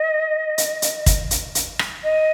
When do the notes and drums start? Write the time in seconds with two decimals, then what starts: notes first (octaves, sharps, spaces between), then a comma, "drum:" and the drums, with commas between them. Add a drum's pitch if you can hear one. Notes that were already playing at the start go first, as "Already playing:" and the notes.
Already playing: D#5
0.58 drum: hi-hat
0.82 drum: hi-hat
1.06 drum: kick, hi-hat
1.31 drum: hi-hat
1.55 drum: hi-hat
1.79 drum: rim click
2.03 D#5